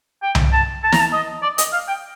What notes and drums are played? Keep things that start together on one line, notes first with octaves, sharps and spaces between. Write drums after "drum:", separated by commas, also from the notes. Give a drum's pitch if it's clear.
G5
drum: tom C2
A5
A5
A#5, drum: snare
A5
D#5
D5
D#5, drum: hi-hat
F5
G5